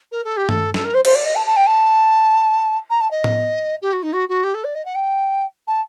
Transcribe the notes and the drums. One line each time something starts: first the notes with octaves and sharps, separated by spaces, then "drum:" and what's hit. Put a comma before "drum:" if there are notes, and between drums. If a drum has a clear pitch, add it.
A#4
A4
G4
A4, drum: tom G2
A4, drum: snare
A#4
C5
C5, drum: cymbal
D5
D#5
A5
A5
G5
A5
A#5
A5
D#5
drum: tom A2
G4
F#4
D#4
F#4
F#4
G4
A4
D5
D#5
F#5
G5
A5